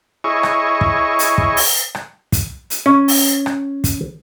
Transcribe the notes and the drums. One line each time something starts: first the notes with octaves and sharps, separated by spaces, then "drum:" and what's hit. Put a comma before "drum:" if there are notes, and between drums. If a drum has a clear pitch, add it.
E4 G#4 C#5 D#5 C#6
drum: rim click
drum: kick
drum: hi-hat
drum: kick
drum: open hi-hat
drum: rim click
drum: kick, hi-hat
drum: hi-hat
C#4
drum: open hi-hat
drum: rim click
drum: kick, hi-hat